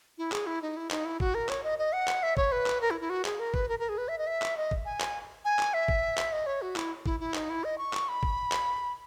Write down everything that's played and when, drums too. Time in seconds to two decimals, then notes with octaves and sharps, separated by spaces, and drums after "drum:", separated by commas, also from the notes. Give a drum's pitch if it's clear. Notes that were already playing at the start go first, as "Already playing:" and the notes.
0.18 E4
0.32 G#4, drum: clap
0.46 E4
0.62 D#4
0.77 E4
0.91 D#4, drum: clap
1.05 E4
1.20 F#4, drum: kick G#1
1.35 A#4
1.49 C#5, drum: clap
1.63 D#5
1.79 D#5
1.93 F#5
2.08 drum: clap
2.23 E5
2.37 C#5, drum: kick G#1
2.52 B4
2.66 drum: clap
2.81 A#4
2.91 E4
3.01 E4
3.10 F#4
3.25 G#4, drum: clap
3.39 A#4
3.54 B4, drum: kick G#1
3.69 A#4
3.79 A#4
3.89 G#4
3.98 B4
4.08 E5
4.18 D#5
4.27 E5
4.42 drum: clap
4.57 D#5
4.71 drum: kick G#1
4.85 G#5
5.01 drum: clap
5.45 G#5
5.59 drum: clap
5.74 E5
5.88 drum: kick G#1
6.18 drum: clap
6.32 D#5
6.46 C#5
6.62 F#4
6.76 E4, drum: clap
7.06 E4, drum: kick G#1
7.20 E4
7.34 D#4, drum: clap
7.50 E4
7.64 D#5
7.78 C#6
7.93 drum: clap
8.08 B5
8.23 drum: kick G#1
8.52 drum: clap